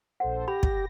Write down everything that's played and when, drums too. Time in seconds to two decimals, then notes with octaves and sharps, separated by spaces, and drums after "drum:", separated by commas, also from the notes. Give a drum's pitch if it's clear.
0.20 A#1 A4 C5 F#5
0.48 G4 B5 A#6
0.63 drum: kick